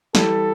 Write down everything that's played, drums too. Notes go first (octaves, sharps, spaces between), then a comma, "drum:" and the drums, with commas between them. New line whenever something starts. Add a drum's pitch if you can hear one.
E3 G3 A4, drum: snare